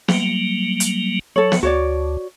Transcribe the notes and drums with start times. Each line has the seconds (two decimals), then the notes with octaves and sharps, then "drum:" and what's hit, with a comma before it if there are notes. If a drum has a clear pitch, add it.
0.08 F#3 G3 A#3, drum: snare
0.80 drum: hi-hat
1.36 F#3 A4 C#5
1.52 drum: snare
1.63 D2 F#4 C#5 D5